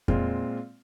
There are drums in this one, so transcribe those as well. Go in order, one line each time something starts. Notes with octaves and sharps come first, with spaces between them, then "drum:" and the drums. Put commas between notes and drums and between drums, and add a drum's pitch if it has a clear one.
A#2 G#3 C4 F4, drum: kick F2